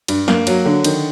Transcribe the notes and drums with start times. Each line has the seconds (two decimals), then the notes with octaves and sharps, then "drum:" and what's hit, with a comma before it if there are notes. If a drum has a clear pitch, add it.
0.08 G2, drum: cymbal
0.28 A#3, drum: snare
0.47 F#3, drum: cymbal
0.66 D3
0.84 D#3, drum: cymbal